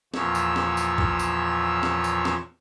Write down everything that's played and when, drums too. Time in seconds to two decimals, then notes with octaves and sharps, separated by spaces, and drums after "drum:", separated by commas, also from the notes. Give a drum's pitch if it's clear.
0.14 E2 A#2 F3 C#5 E6, drum: snare
0.35 drum: tambourine
0.56 drum: snare
0.77 drum: tambourine
0.98 drum: kick
1.19 drum: tambourine
1.83 drum: snare
2.04 drum: tambourine
2.25 drum: snare